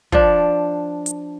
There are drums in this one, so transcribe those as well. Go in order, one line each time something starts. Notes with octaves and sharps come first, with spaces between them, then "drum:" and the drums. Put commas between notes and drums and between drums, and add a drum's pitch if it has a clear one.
F3 D4, drum: kick
drum: hi-hat